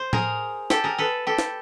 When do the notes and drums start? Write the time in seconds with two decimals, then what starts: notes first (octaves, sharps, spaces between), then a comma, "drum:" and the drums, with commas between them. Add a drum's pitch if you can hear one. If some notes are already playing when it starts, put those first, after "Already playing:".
Already playing: C5
0.13 G#4 A#4, drum: tom A2
0.70 G4 A4, drum: snare
0.84 G#4 A#4
0.98 A4 B4
1.27 G4 A4
1.39 drum: snare